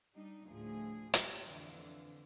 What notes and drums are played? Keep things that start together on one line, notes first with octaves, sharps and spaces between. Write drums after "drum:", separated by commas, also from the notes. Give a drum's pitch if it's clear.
G3 D4 D#4
D2 A2 F3 G#4
G4, drum: hi-hat
F2 D3 E3 F3